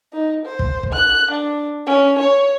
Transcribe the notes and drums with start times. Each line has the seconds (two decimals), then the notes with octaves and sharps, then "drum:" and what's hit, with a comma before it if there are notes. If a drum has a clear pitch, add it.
0.13 D#4
0.45 C5
0.59 drum: kick
0.83 drum: kick
0.93 F#6
1.31 D4
1.87 C#4
2.19 C#5